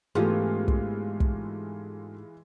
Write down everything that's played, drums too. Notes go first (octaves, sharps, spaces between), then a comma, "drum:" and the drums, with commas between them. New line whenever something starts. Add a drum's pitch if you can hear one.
G#2 E3 G#3 A3 B3 C#4 F4 G4
drum: kick
drum: kick